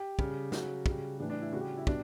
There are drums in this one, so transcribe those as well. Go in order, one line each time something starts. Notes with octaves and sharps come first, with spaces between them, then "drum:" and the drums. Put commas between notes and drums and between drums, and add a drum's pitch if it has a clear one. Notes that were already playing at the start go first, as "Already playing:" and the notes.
Already playing: G4
C#3 G3, drum: kick
C#3 F#3 F#4, drum: snare
C#3 G3, drum: kick
A2 E3 G3 D4
D4
E4
C#3 G3 F#4
G4
E4
B2 G3 D4, drum: kick